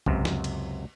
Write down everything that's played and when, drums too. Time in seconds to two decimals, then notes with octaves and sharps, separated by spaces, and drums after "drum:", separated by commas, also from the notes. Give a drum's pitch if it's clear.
0.06 C#2 F#2 C3, drum: kick B1
0.25 drum: snare
0.44 drum: cymbal